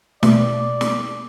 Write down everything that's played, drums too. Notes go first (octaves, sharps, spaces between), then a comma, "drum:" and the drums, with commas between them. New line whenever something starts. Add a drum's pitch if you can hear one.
B2 A3 D5, drum: snare
drum: snare